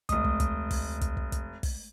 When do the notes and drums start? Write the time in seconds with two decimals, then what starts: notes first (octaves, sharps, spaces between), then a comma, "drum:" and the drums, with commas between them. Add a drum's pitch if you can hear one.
0.09 F1 D2 G#3 A3 D#5 D#6, drum: kick, hi-hat
0.24 drum: kick
0.40 drum: kick, hi-hat
0.71 drum: kick, open hi-hat
1.01 drum: kick, hi-hat
1.17 drum: kick
1.32 drum: kick, hi-hat
1.63 drum: kick, open hi-hat